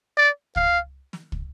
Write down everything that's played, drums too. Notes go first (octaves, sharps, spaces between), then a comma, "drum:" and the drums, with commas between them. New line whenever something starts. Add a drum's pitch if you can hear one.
D5
F5, drum: kick
drum: snare
drum: kick